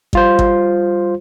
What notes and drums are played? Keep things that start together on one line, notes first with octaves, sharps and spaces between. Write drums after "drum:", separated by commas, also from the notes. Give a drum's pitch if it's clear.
G3 F4 C5, drum: kick G#1
drum: kick G#1